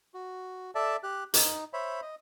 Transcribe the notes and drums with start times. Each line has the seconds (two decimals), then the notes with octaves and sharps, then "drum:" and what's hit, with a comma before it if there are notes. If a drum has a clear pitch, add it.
0.14 F#4
0.75 A4 D5 E5 A5
1.03 G4 F#6
1.34 D#4, drum: hi-hat
1.73 C5 C#5 E5 B5
2.02 D#5